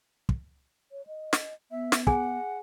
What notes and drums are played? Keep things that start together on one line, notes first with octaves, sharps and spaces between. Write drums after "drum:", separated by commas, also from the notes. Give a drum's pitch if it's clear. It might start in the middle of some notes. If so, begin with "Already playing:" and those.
drum: kick
C#5
D#5
drum: snare
B3 E5
drum: snare
G#4 F#5 G#5, drum: kick